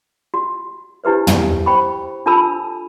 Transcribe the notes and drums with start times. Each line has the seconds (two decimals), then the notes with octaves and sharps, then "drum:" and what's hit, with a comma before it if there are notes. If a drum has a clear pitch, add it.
0.34 F#4
1.04 D4 E4 G4 B4 C5
1.27 drum: tom
1.66 C5 G5 B5 C#6
2.26 D4 F4 A4 A5 B5 E6